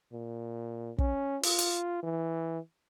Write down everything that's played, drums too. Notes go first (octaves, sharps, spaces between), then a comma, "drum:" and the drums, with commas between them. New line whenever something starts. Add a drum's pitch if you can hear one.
A#2
C#4, drum: kick
F4, drum: open hi-hat
drum: hi-hat
E3